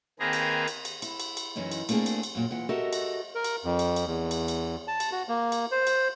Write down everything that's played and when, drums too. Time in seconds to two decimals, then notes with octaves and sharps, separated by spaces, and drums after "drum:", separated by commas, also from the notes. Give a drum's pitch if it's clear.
0.20 D#3 A#3 C4 G#4 B4 A#5
0.33 drum: cymbal
0.68 drum: cymbal
0.85 drum: cymbal
1.02 E4, drum: cymbal
1.20 drum: cymbal
1.37 drum: cymbal
1.55 F#2 E3 C#4 D#4 E4
1.71 drum: cymbal
1.89 A3 A#3 C4 D4 G#4, drum: cymbal
2.06 drum: cymbal
2.23 drum: cymbal
2.35 F#2 A#2
2.51 A#2 E3 F#5
2.69 F#4 G4 A4 A#4 D#5 E5
2.93 drum: cymbal
3.35 A#4
3.44 drum: cymbal
3.65 F2
3.79 drum: cymbal
3.96 drum: cymbal
4.07 E2
4.31 drum: cymbal
4.48 drum: cymbal
4.88 A5
5.00 drum: cymbal
5.12 F#4
5.28 A#3
5.52 drum: cymbal
5.72 C5
5.87 drum: cymbal